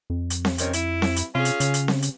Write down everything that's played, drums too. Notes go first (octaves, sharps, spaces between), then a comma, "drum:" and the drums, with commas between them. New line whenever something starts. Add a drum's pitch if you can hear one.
F2
drum: hi-hat
drum: snare C4
C3 D#3 C#4, drum: hi-hat
E4, drum: hi-hat
drum: snare C4
drum: hi-hat
C3 C#4 F4 G#4
drum: hi-hat
C#3, drum: hi-hat
drum: hi-hat
drum: snare C4
drum: hi-hat